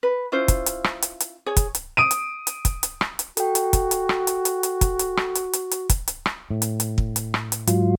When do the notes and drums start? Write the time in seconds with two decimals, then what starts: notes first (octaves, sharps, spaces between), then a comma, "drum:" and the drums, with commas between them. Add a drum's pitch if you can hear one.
0.03 B4
0.32 C#4 E4 F4 C5
0.48 drum: kick, hi-hat
0.66 drum: hi-hat
0.84 drum: rim click
1.02 drum: hi-hat
1.20 drum: hi-hat
1.46 G#4 C#5
1.57 drum: kick, hi-hat
1.75 drum: hi-hat
1.97 D#6 D7 D#7
2.11 drum: hi-hat
2.47 drum: hi-hat
2.65 drum: kick, hi-hat
2.83 drum: hi-hat
3.01 drum: rim click
3.19 drum: hi-hat
3.37 F#4 A4 G5, drum: hi-hat
3.55 drum: hi-hat
3.73 drum: kick, hi-hat
3.91 drum: hi-hat
4.09 drum: rim click
4.27 drum: hi-hat
4.45 drum: hi-hat
4.63 drum: hi-hat
4.81 drum: kick, hi-hat
4.99 drum: hi-hat
5.17 drum: rim click
5.35 drum: hi-hat
5.53 drum: hi-hat
5.71 drum: hi-hat
5.89 drum: kick, hi-hat
6.08 drum: hi-hat
6.26 drum: rim click
6.50 A2
6.62 drum: hi-hat
6.80 drum: hi-hat
6.98 drum: kick
7.16 drum: hi-hat
7.34 drum: rim click
7.52 drum: hi-hat
7.67 G#2 F#3 F4, drum: hi-hat